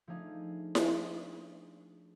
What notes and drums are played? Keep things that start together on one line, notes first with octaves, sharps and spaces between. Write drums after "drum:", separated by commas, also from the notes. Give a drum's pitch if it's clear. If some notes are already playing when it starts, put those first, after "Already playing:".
F3 A3 D4 D#4 G#4 F5
drum: snare E4